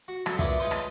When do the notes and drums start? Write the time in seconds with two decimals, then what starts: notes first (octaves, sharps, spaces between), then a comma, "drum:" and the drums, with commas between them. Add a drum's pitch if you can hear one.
0.08 F#4
0.26 F2 F#3, drum: rim click
0.39 A#3 B3 E4 F4 D5 E5, drum: kick
0.59 G#3 C#4 F4 B4 C5
0.71 drum: rim click